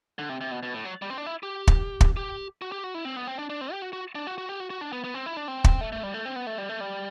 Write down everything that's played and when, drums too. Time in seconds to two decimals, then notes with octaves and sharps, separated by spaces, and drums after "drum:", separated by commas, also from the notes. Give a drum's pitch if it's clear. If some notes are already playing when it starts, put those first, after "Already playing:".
0.19 D3
0.29 C3
0.41 C3
0.51 B2
0.63 B2
0.74 A2
0.85 F#3
1.02 G3
1.10 C4
1.18 D4
1.26 E4
1.43 G4
1.67 drum: kick
2.01 drum: kick
2.17 G4
2.62 F#4
2.72 G4
2.84 F#4
2.94 E4
3.05 C4
3.16 B3
3.27 C4
3.39 D4
3.50 D4
3.61 C4
3.72 G4
3.82 F#4
3.93 F#4
4.15 D4
4.27 F#4
4.38 F#4
4.49 G4
4.60 F#4
4.70 F#4
4.81 D4
4.93 B3
5.04 B3
5.14 C4
5.26 E4
5.37 D4
5.48 C4
5.64 drum: kick
5.81 A3
5.92 A3
6.03 G3
6.14 A3
6.26 C4
6.36 B3
6.47 A3
6.58 G3
6.69 A3
6.80 G3